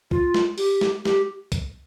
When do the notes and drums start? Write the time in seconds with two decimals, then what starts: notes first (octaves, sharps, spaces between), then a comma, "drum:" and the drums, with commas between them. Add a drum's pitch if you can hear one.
0.11 F4, drum: kick
0.34 drum: snare
0.58 G4, drum: open hi-hat
0.81 drum: snare
1.05 G4, drum: snare
1.52 drum: kick, hi-hat